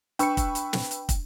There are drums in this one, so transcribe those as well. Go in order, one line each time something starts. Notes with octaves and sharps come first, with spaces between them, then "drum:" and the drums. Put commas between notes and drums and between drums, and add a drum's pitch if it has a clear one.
D4 B4 G5 C#6 E6 C#7, drum: hi-hat
drum: kick, hi-hat
drum: hi-hat
drum: snare
drum: hi-hat
drum: kick, hi-hat